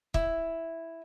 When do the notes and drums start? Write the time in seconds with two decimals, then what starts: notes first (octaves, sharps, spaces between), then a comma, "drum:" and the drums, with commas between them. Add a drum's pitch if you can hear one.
0.14 E4, drum: kick